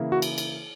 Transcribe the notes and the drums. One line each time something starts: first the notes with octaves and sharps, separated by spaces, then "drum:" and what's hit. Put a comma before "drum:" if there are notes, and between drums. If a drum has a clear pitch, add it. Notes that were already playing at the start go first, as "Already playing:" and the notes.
Already playing: C#3 E3 A#3 E4
F#4
drum: cymbal
drum: cymbal